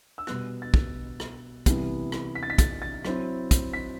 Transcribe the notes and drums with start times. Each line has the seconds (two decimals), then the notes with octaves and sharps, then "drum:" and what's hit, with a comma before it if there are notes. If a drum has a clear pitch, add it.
0.18 E6
0.27 B2 G3 B3 F#6, drum: rim click
0.62 A6
0.74 drum: kick
1.20 drum: rim click
1.66 C3 E3 G3 B3 E4, drum: kick, hi-hat
2.12 drum: rim click
2.35 B6
2.43 A6
2.50 B6
2.58 A6, drum: kick, hi-hat
2.82 A6
3.05 F#3 C4 E4, drum: rim click
3.51 drum: kick, hi-hat
3.74 B6